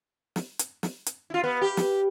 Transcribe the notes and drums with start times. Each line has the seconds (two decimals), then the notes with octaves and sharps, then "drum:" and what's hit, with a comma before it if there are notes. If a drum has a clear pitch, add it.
0.36 drum: snare
0.59 drum: hi-hat
0.83 drum: snare
1.06 drum: hi-hat
1.30 E4 F4
1.44 B3
1.62 G4
1.77 drum: snare